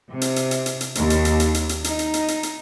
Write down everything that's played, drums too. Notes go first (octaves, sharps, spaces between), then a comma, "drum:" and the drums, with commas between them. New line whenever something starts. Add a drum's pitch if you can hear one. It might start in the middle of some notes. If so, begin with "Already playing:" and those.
C3
drum: hi-hat
drum: hi-hat
drum: hi-hat
drum: hi-hat
drum: hi-hat
D#2, drum: hi-hat
drum: hi-hat
drum: hi-hat
drum: hi-hat
drum: hi-hat
drum: hi-hat
D#4, drum: hi-hat
drum: hi-hat
drum: hi-hat
drum: hi-hat
drum: hi-hat